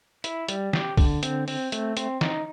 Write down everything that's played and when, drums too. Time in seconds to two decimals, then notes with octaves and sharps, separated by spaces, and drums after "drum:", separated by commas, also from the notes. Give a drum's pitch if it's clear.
0.24 E4, drum: hi-hat
0.49 G3, drum: hi-hat
0.73 G4, drum: snare
0.97 D3, drum: kick, open hi-hat
1.23 C4, drum: hi-hat
1.48 C4, drum: open hi-hat
1.72 A3, drum: hi-hat
1.97 C4, drum: hi-hat
2.21 D#4, drum: snare